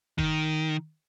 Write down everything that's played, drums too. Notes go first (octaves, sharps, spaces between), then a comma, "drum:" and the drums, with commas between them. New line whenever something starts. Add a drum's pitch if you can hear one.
D#3, drum: kick